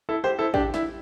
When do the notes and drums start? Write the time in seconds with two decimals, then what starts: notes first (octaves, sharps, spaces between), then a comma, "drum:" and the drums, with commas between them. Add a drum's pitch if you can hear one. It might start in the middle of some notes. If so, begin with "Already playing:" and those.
0.09 E4 A4
0.24 G4 C5
0.39 E4 A4
0.54 D4 G4, drum: kick A1
0.74 E4, drum: snare